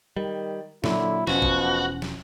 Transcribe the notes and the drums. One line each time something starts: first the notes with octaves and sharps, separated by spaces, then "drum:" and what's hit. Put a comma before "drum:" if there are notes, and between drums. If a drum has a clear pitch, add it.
D#3 G3
A#2 D3 F#3 E4, drum: snare
E1 B2 F3 C#4 F#4, drum: snare
drum: kick
drum: snare